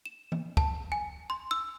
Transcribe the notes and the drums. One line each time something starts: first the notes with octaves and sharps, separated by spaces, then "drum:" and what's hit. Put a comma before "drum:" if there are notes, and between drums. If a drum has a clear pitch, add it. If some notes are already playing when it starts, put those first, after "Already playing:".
E7
drum: tom E3
A5, drum: kick
G#5
C6
E6